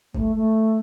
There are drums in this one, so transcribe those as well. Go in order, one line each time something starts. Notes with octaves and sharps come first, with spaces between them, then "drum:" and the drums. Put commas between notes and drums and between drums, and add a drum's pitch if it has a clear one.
A3, drum: kick G1
A3